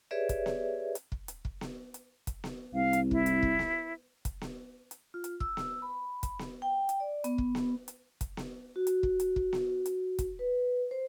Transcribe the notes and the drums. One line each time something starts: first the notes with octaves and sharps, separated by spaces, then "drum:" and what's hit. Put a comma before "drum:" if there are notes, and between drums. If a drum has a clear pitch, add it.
G4 G#4 B4 C#5 D5 E5
drum: kick, hi-hat
drum: snare B3
drum: hi-hat
drum: kick
drum: hi-hat
drum: kick
drum: snare B3
drum: hi-hat
drum: kick, hi-hat
drum: snare B3
C2 F5
drum: hi-hat
E4, drum: kick
drum: hi-hat
drum: kick
drum: snare B3
drum: kick, hi-hat
drum: snare B3
drum: hi-hat
F4
drum: hi-hat
E6, drum: kick
drum: snare B3
B5
drum: kick, hi-hat
drum: snare B3
G5
drum: hi-hat
D5
B3, drum: hi-hat
drum: kick
drum: snare B3
drum: hi-hat
drum: kick, hi-hat
drum: snare B3
F#4
drum: hi-hat
drum: kick
drum: hi-hat
drum: kick
drum: snare B3
drum: hi-hat
drum: kick, hi-hat
B4
C5